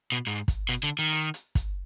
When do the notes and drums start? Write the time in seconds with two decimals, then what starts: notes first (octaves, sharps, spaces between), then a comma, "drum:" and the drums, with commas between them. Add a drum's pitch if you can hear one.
0.12 B2
0.27 G#2, drum: hi-hat
0.48 drum: kick, hi-hat
0.69 B2, drum: hi-hat
0.83 D3
0.99 D#3
1.12 drum: hi-hat
1.34 drum: hi-hat
1.55 drum: kick, hi-hat